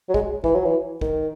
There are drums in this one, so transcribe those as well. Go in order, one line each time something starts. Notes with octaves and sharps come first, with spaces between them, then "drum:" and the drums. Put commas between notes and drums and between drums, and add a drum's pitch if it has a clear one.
F#3
G#3, drum: kick
E3, drum: kick
F#3
E3
D#3, drum: kick